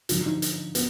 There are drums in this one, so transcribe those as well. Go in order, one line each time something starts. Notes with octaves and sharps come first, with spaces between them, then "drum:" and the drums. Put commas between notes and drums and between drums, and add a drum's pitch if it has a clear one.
D3 F3 F4, drum: hi-hat
D#4
drum: hi-hat
B3, drum: hi-hat